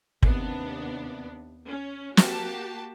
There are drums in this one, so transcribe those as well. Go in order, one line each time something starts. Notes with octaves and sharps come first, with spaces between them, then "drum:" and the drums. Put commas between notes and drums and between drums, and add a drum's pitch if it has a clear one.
D#2 C3 B3 D4, drum: kick
C#4
A#3 F#4 G4 A5, drum: snare